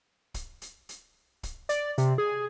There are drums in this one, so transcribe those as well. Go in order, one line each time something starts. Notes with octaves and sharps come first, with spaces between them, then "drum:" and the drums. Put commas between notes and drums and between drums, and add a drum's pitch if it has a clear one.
drum: kick, hi-hat
drum: hi-hat
drum: hi-hat
drum: kick, hi-hat
D5, drum: hi-hat
C3, drum: hi-hat
G#4